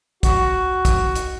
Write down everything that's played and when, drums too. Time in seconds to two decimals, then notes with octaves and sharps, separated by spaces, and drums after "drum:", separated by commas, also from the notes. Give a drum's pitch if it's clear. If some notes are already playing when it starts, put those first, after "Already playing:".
0.23 F#4, drum: kick, hi-hat
0.85 drum: kick, hi-hat
1.15 drum: hi-hat